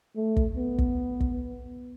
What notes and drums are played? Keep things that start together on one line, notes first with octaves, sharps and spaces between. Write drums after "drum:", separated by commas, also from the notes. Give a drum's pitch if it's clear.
A3
drum: kick
B3
drum: kick
drum: kick